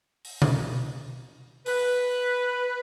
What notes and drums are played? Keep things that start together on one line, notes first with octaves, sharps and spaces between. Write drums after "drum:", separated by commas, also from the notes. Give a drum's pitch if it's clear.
drum: open hi-hat
drum: tom B2
B4, drum: open hi-hat